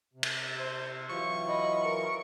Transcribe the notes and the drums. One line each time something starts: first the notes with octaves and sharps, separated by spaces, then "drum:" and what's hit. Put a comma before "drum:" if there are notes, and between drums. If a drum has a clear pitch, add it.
C3
drum: cymbal
C5
E3 F#3 F4 C#6
D#5 B5
A#4